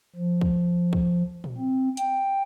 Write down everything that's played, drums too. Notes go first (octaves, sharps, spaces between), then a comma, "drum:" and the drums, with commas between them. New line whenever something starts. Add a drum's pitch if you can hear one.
F3
drum: kick
drum: kick
drum: tom A#2
C4
G5, drum: hi-hat